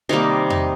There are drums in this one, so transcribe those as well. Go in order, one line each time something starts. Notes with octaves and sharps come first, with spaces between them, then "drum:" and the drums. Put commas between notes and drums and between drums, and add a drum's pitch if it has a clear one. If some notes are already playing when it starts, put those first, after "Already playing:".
C3 D#3 G3 A#3 D#4
D#4, drum: tom E2